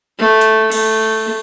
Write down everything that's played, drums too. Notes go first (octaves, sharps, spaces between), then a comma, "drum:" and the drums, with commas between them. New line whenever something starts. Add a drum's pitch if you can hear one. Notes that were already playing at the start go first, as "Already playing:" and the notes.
A3
drum: hi-hat
A3, drum: cymbal